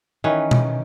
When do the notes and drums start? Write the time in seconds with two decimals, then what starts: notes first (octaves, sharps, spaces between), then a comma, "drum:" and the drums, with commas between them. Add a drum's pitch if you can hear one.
0.24 D#3 E3 C#4 B4
0.51 drum: tom B2